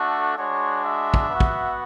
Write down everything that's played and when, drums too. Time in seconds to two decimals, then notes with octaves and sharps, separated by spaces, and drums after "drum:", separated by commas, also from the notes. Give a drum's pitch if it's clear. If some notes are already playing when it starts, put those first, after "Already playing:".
Already playing: A3 D4 F#4 A4
0.36 G#3 D4 F#4 C#5
0.83 E5
1.14 drum: kick
1.30 B3 F#4
1.40 drum: kick